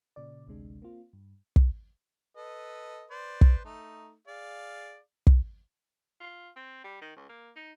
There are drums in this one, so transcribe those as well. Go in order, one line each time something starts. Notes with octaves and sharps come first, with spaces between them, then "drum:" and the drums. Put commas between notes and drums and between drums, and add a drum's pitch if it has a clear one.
A#2 C#3 D5
A1 D2 C3 G#3 D4
A#3 C4 F4
G2
drum: kick
A4 B4 D#5
B4 C5 D5
drum: kick
A3 D#4
G#4 D5 F5
drum: kick
F4
C4
G3
D#3
C#2
A#3
D#4